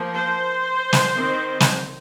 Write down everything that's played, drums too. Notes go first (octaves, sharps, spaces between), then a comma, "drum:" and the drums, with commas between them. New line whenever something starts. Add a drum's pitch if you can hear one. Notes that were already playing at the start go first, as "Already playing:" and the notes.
Already playing: F3 A#3
C5
drum: snare
D#3 C4
drum: snare